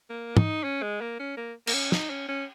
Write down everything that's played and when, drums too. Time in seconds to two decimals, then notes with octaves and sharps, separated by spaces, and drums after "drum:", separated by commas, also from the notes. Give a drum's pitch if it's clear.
0.10 A#3
0.37 D#4, drum: tom
0.64 C#4
0.82 G#3
1.01 A#3
1.19 C#4
1.37 A#3
1.67 A#3, drum: cymbal
1.74 C#4
1.92 D#4, drum: snare
2.10 C#4
2.29 C#4